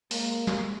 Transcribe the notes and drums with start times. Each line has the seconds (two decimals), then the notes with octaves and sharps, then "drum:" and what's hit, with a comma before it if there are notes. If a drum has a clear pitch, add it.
0.11 G#3 A#3, drum: open hi-hat
0.47 drum: snare